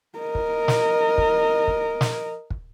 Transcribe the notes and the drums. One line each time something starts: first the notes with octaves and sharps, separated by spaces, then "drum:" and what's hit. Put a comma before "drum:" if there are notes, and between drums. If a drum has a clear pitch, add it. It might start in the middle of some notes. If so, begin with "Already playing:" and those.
A#4 D#5
drum: kick
drum: snare
drum: kick
drum: kick
drum: snare
drum: kick